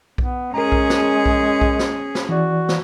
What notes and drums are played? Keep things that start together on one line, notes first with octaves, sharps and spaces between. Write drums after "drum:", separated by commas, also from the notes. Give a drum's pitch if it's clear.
B3, drum: kick B1
G#3 C#4 G#4 A#4 A#5
drum: kick B1
drum: snare
drum: kick B1
drum: kick B1
drum: snare
drum: snare
E3 F#4 D5
drum: snare